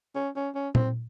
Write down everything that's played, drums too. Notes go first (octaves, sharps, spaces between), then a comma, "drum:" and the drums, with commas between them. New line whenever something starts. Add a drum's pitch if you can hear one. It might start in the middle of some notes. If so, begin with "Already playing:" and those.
C#4
C#4
C#4
C4, drum: tom A#2